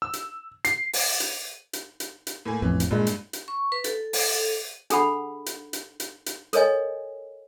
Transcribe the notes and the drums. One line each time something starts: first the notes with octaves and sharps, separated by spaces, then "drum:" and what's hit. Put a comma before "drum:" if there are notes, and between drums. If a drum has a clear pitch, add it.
E6
drum: hi-hat
C7, drum: hi-hat
drum: open hi-hat
drum: hi-hat
drum: hi-hat
drum: hi-hat
drum: hi-hat
A2 A#3 G#5
A1 F2 E3
drum: hi-hat
G2 A#2 G#3
drum: hi-hat
drum: hi-hat
C#6
B4
A4, drum: hi-hat
drum: open hi-hat
A4
D4 G#4 A4 F#5 B5, drum: hi-hat
drum: hi-hat
drum: hi-hat
drum: hi-hat
drum: hi-hat
A4 A#4 C#5 D#5 G#5, drum: hi-hat